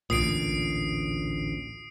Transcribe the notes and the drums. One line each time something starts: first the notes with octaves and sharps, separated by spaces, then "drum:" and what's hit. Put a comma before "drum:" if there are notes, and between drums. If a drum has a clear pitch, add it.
A1 D2 A#2 D#6 C7 D7, drum: tom